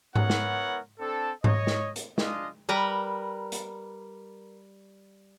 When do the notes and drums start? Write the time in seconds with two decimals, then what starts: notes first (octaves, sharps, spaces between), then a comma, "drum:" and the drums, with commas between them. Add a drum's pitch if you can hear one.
0.15 B3 E4 A#4 C#5 F#5, drum: tom G#2
0.30 drum: snare
1.00 C4 D4 A4
1.44 C#5 D#5, drum: tom G#2
1.67 drum: snare
1.96 drum: hi-hat
2.18 G#3 D4 F4 D#5, drum: snare
2.69 G3 A#4 B4 A#5
3.52 drum: hi-hat